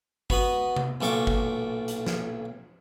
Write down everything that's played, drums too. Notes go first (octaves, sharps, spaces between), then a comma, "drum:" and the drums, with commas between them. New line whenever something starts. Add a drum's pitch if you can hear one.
B3 F#4 B5 D#6, drum: kick G1
drum: tom C3
B1 A#2 A4 C#6 D6
drum: kick G1
drum: hi-hat
drum: snare